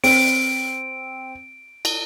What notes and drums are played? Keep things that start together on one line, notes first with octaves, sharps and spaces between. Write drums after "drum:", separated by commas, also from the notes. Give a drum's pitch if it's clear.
C4 D7, drum: open hi-hat
drum: cymbal